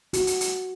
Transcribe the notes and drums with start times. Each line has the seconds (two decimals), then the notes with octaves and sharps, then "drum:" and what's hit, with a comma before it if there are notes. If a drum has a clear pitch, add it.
0.13 F#4, drum: hi-hat
0.27 drum: hi-hat
0.41 drum: hi-hat